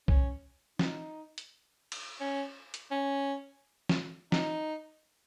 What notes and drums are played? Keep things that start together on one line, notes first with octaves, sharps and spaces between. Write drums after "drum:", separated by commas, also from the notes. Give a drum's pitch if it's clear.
C#4, drum: kick B1
D#4, drum: snare
drum: hi-hat
drum: cymbal
C#4
drum: hi-hat
C#4
drum: snare
D#4, drum: snare